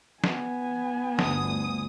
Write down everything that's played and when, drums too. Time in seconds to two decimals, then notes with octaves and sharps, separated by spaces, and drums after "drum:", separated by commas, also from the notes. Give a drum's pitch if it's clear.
0.24 B3 G#5, drum: snare
1.19 G1 D2 D#6, drum: snare